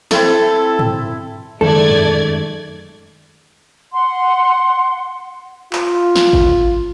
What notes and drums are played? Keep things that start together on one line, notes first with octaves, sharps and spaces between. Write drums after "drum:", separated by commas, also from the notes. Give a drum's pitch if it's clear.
C4 E4 A4 E5, drum: snare
drum: tom
F#2 D#3 G#3 A3 A4 D5 G#6, drum: tom
drum: tom
F#5 C6
F4, drum: clap
drum: snare
drum: kick G#1